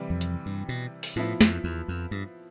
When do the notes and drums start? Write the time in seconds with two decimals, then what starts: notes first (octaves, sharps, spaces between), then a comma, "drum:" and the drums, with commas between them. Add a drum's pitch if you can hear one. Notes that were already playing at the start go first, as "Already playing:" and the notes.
Already playing: C3 E3 G3
0.10 F2
0.21 drum: hi-hat
0.46 G2
0.69 B2
1.03 drum: open hi-hat
1.16 A2 F3 B3 E4
1.41 F2, drum: snare
1.64 E2
1.88 F2
2.11 G2